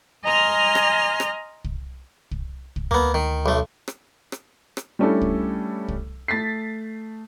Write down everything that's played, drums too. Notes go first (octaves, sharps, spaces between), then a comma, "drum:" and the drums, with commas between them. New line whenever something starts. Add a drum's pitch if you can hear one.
D#5 G#5 A#5 C6 F6
drum: rim click
drum: rim click
drum: kick
drum: kick
drum: kick
D2 A#3 B3
D#3
B1 A3
drum: rim click
drum: rim click
drum: rim click
G3 A3 C#4 D4 E4 A4
drum: kick
drum: kick
A3 A6 B6 C7